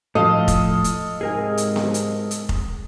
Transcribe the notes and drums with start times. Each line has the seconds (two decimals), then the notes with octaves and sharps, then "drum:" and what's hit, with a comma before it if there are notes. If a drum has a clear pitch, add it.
0.15 A2 F3 A4 D#5 F5 A5
0.48 drum: kick F1, hi-hat
0.84 drum: hi-hat
1.21 G#2 C3 G#3 G#4 A#4 G#5
1.58 drum: hi-hat
1.76 drum: snare B3
1.94 drum: hi-hat
2.31 drum: hi-hat
2.49 drum: kick F1